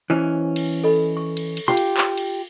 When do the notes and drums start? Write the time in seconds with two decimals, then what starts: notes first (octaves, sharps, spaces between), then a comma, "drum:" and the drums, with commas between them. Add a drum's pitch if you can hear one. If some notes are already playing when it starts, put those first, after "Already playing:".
0.10 E3 C#4 C5 D#5
0.56 drum: cymbal
0.84 A4 D#5 B5
1.17 C#6
1.37 drum: cymbal
1.57 drum: cymbal
1.68 F4 G4 C6
1.77 drum: cymbal
1.97 drum: clap
2.18 drum: cymbal